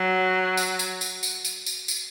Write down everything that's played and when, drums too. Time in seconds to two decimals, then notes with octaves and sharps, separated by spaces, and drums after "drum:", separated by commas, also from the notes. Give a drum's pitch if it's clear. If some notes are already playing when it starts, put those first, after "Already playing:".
Already playing: F#3
0.57 drum: tambourine
0.79 drum: tambourine
1.01 drum: tambourine
1.23 drum: tambourine
1.45 drum: tambourine
1.66 drum: tambourine
1.88 drum: tambourine